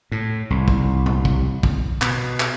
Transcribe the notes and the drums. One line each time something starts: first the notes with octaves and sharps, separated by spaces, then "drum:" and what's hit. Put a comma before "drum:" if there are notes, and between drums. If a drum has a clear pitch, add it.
A2
C2
drum: kick
drum: tom
drum: kick
drum: kick
B2, drum: clap
drum: clap